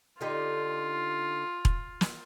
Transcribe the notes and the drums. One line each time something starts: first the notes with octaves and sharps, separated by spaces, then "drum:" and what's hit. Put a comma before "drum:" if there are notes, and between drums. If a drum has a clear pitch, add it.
D3 D#4 F4 G4
drum: kick E1
drum: snare